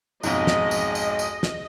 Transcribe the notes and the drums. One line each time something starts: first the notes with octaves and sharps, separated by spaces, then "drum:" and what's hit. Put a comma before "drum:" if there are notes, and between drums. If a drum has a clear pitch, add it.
B1 F2 G#2 G#3 D#5, drum: tambourine
drum: snare
drum: tambourine
drum: tambourine
drum: tambourine
drum: snare